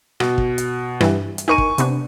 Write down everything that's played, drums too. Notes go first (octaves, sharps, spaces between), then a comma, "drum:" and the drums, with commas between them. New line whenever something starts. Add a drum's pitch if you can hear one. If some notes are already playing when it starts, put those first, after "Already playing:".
B2, drum: rim click
drum: kick
drum: hi-hat
G2 E3 G3, drum: rim click
drum: hi-hat
D#4 A#4 G#5 C#6 D#7
drum: kick
C3 B3 D4, drum: hi-hat